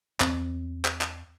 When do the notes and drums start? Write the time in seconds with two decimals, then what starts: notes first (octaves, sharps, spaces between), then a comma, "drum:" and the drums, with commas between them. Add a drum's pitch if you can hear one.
0.20 E2 C4, drum: clap
0.85 drum: clap
1.01 drum: clap